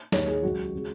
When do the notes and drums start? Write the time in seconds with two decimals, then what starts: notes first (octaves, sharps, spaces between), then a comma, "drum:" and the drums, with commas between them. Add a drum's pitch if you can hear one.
0.12 D#2 D#3 G#3 C#5, drum: snare
0.28 G#4
0.42 C#2 C#3 F#3 F#4
0.75 C#3 G#3